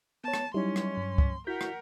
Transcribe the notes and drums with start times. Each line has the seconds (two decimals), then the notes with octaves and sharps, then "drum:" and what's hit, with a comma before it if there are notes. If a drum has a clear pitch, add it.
0.24 B3 C#5 A5
0.34 drum: rim click
0.54 F#3 G3 C#4 D#4 E4 C6
0.76 drum: rim click
0.97 G2
1.18 drum: kick
1.47 E4 F#4 A#4 F#5 G6 B6
1.61 drum: rim click